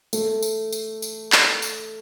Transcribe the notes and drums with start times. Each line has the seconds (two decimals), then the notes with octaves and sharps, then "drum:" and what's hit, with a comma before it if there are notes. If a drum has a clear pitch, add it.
0.13 A3, drum: tambourine
0.43 drum: tambourine
0.72 drum: tambourine
1.02 drum: tambourine
1.32 drum: clap
1.62 drum: tambourine